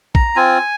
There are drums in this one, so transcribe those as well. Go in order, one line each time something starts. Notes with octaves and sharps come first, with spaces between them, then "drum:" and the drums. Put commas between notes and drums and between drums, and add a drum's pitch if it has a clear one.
A#5, drum: kick
C4 F4 G#5